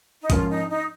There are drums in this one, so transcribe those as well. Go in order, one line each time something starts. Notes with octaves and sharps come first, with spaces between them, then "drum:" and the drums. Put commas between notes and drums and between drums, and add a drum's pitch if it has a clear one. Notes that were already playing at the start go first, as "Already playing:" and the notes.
D#4
G#2 F3 C#4 F4 A#4, drum: kick B1, hi-hat
D#4
D#4